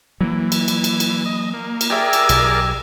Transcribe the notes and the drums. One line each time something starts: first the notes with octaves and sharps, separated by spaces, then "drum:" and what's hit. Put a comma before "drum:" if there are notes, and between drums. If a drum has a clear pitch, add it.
E3 F#3 A#3
drum: cymbal
drum: cymbal
drum: cymbal
drum: cymbal
D#5
A#3
drum: cymbal
G4 G#4 A#4 D5 E5
drum: cymbal
B1, drum: cymbal